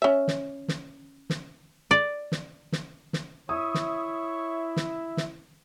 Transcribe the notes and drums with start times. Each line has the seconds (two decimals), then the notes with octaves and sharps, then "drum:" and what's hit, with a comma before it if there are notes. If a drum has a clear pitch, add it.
0.02 C#4 E5
0.28 drum: snare
0.68 drum: snare
1.30 drum: snare
1.91 D5
2.32 drum: snare
2.72 drum: snare
3.13 drum: snare
3.49 E4 C#5 E5 D#6
3.74 drum: snare
4.76 drum: snare
5.17 drum: snare